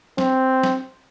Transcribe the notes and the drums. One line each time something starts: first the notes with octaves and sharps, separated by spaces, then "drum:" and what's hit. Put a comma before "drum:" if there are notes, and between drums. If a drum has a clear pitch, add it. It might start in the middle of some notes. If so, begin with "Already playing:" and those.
C4, drum: snare
drum: snare